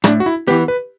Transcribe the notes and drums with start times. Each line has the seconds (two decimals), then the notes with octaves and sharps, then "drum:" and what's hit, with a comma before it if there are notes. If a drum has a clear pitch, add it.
0.04 A2 D4, drum: rim click
0.20 F#4
0.26 E4
0.47 E3 B3 G4
0.68 B4